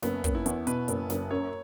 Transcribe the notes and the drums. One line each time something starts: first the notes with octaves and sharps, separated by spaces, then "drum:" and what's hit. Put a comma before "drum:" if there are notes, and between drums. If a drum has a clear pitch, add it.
F#1 B3, drum: snare
F#1, drum: kick, hi-hat
E4
E2, drum: hi-hat
B2 B4, drum: hi-hat
F#1, drum: hi-hat
F#1, drum: snare
F#2 C#5